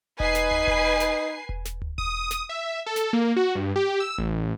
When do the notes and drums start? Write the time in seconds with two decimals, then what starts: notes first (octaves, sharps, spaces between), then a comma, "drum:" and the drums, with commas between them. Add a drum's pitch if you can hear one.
0.20 D#4 B4 G#5 C7, drum: kick E1
0.35 drum: snare
0.51 drum: tom D2
0.67 drum: kick E1
1.00 drum: snare
1.49 drum: kick E1
1.65 drum: snare
1.82 drum: tom D2
1.98 D#6, drum: kick E1
2.31 drum: snare
2.49 E5
2.86 A4
2.96 drum: snare
3.13 A#3
3.36 F#4
3.55 G2
3.76 G4
4.00 E6
4.18 A1